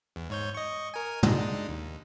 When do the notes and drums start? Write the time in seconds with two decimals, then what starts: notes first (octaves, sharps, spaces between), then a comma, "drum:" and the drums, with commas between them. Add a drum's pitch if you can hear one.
0.16 E2
0.30 G#2 C#5 G6
0.54 D#5 C#6
0.94 A#4 G#5
1.23 G#3 D4 D#4, drum: tom
1.69 D#2